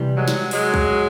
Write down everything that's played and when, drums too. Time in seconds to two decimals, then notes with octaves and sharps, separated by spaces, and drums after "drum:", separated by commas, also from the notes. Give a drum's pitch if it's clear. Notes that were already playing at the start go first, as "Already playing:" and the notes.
Already playing: C3 E3 G3
0.16 F#3 G#3
0.28 drum: snare
0.51 F#3 G#3, drum: open hi-hat
0.74 drum: kick